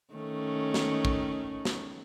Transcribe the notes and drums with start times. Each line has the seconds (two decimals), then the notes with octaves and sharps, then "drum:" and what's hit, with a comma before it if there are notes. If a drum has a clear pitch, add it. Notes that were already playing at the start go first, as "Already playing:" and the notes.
0.14 D#3 A3 C#4
0.74 drum: snare
1.05 drum: kick
1.65 drum: snare